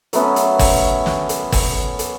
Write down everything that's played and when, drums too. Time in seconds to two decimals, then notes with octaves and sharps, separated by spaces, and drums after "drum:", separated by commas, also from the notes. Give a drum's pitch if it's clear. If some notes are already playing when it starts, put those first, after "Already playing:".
0.13 F#3 A3 B3 C#4, drum: hi-hat
0.36 drum: hi-hat
0.59 drum: kick, open hi-hat
1.06 drum: snare
1.29 drum: hi-hat
1.52 drum: kick, open hi-hat
1.99 drum: hi-hat